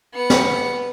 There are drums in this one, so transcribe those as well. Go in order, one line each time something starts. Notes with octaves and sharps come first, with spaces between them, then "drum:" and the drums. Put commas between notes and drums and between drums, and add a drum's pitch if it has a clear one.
B3 C#7
drum: snare